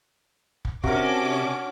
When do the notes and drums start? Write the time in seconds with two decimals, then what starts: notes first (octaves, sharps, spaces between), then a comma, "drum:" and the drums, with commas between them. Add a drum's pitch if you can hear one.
0.65 drum: kick
0.84 C3 C#4 D4 F#4 A#4 D6, drum: kick